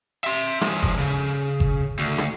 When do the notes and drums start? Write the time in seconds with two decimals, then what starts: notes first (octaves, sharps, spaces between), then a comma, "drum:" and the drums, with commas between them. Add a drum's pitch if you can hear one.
0.24 E5 C6
0.61 F3 G#3, drum: rim click
0.83 drum: kick G1
0.98 C#3
1.60 drum: kick G1
1.99 D2
2.18 drum: rim click